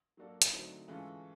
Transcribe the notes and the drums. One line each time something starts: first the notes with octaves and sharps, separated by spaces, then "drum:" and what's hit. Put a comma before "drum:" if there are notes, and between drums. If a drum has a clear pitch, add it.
F#3 A#3 D4 F#4 A4
drum: hi-hat
D3 F#3 A3 C4 D#4
E3 G#3 C#4 F4 A4